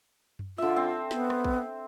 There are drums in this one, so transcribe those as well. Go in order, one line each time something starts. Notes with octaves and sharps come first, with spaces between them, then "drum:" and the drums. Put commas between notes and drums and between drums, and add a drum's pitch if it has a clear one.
drum: tom F#2
D3 F4 E5
C4
B3, drum: snare
drum: rim click
drum: kick